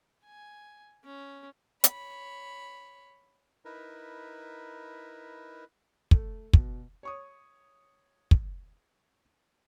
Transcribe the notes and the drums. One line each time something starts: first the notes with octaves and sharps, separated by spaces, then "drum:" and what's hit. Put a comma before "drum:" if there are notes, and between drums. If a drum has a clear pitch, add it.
G#5
C#4
C#5 B5, drum: hi-hat
D#4 E4 A#4 B4
A3, drum: kick
B2, drum: kick
C#5 C#6 D#6
drum: kick